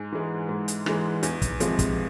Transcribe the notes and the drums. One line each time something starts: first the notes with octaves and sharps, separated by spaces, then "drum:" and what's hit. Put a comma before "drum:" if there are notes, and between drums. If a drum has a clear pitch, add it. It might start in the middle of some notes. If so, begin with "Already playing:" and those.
Already playing: G#2 G#4
E3 G#3
G#2
drum: hi-hat
E3 G#3, drum: rim click
E2, drum: hi-hat
drum: kick, hi-hat
C3 F3 G#3, drum: hi-hat
drum: kick, hi-hat